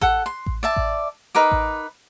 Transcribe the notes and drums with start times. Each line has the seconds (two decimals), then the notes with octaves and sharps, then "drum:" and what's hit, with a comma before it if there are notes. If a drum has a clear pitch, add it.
0.01 A4 F#5, drum: kick A1
0.26 C6
0.46 drum: kick A1
0.63 D5 E5 A5
0.76 drum: kick A1
1.35 D#4 A#4 B4 D6
1.52 drum: kick A1